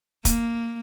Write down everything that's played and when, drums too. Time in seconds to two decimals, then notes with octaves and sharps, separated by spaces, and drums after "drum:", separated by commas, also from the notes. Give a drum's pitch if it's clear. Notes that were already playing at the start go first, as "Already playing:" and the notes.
0.25 A#3, drum: kick, hi-hat